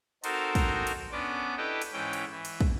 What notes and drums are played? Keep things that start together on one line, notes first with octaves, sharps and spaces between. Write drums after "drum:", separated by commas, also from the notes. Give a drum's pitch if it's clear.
C4 D#4 F#4 A4 A#4 C5, drum: cymbal
drum: kick, cymbal
drum: cymbal
B3 C#4 D4 D6
E4 G4 A4 B4 D#5 G5
drum: cymbal
G#2 E3 C#4 G5
drum: cymbal
E3
drum: cymbal
drum: kick